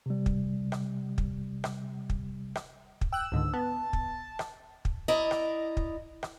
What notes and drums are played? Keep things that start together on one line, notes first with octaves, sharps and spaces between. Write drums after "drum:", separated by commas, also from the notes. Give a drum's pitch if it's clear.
C3 G3
drum: kick
drum: rim click
drum: kick
drum: rim click
drum: kick
drum: rim click
drum: kick
G5 E6 F#6
C#2 G#2 D3
B3 A5
drum: kick
drum: rim click
drum: kick
E4 D5 D#5 A#5
drum: rim click
drum: kick
drum: rim click